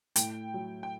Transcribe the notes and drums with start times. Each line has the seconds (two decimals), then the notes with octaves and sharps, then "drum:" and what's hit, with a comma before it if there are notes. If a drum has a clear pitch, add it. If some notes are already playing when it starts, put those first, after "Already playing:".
0.16 A2 G5, drum: hi-hat
0.54 F#3
0.83 G5